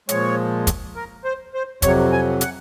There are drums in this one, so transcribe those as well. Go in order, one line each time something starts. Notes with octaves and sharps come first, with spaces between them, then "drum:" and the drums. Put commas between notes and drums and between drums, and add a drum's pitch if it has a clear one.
A#2 F3 G#3 C#5, drum: hi-hat
drum: kick, hi-hat
A#4
C5
C5
F2 C3 F#3 C#5, drum: kick, hi-hat
G#5
F#5, drum: hi-hat